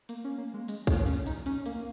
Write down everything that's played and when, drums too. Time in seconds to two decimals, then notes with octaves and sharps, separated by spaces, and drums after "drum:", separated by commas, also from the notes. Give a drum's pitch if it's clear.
0.09 A#3, drum: hi-hat
0.24 C#4
0.38 A#3
0.54 G#3
0.68 G#3, drum: hi-hat
0.87 A#3, drum: kick, hi-hat
1.07 C#4, drum: hi-hat
1.26 D#4, drum: hi-hat
1.46 C#4, drum: hi-hat
1.66 A#3, drum: hi-hat